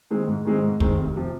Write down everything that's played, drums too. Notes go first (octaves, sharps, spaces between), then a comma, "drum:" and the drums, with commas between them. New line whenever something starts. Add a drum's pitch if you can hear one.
D#3 G#3 C4
G#2
D#3 G#3 C4
G#2
D#3 G#3 C4, drum: kick
F1
C3 F3